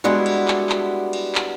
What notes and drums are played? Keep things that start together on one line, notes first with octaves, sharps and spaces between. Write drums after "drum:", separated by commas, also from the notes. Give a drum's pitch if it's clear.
G3 G#3 B3 D4 E4 F#4
drum: cymbal
drum: clap
drum: clap
drum: cymbal
drum: clap